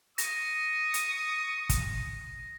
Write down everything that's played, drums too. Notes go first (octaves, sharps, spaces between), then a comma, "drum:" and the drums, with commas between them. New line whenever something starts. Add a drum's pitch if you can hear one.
C#6 D#6 A#6, drum: hi-hat
drum: hi-hat
drum: kick, hi-hat